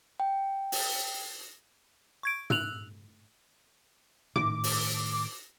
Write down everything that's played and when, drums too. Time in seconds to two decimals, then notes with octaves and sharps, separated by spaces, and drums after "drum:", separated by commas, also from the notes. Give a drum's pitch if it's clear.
0.20 G5
0.72 drum: open hi-hat
2.23 C#6 G#6 D7
2.50 E6 F#6 F7 F#7, drum: tom
4.36 A2 D#3 D6, drum: tom
4.64 drum: open hi-hat